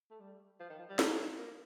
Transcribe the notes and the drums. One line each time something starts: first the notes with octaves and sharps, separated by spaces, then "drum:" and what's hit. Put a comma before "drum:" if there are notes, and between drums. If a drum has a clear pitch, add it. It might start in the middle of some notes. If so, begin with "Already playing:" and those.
A3
G3
F3
D#3
F3
G3
A3, drum: snare
A#3